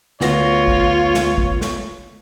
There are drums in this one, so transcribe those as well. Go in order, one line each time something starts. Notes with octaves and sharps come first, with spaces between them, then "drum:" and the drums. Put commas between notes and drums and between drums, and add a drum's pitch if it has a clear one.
D2 B3 F4 C#5 A#6, drum: snare
drum: kick A1
drum: snare
drum: kick A1
drum: snare